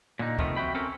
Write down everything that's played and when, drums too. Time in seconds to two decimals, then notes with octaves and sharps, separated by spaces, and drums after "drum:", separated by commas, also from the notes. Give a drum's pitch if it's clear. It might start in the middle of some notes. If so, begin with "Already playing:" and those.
0.19 A#2 D3 D#4
0.39 C3 D#3 F3 A3 B3, drum: kick
0.56 C4 F#4 E5 G5 B5
0.74 C4 C#4 A4 A#4 C#5